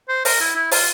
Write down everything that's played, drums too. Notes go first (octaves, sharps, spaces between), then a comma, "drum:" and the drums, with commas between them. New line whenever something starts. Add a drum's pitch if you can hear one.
C5
A#4, drum: open hi-hat
E4
E4
F4, drum: open hi-hat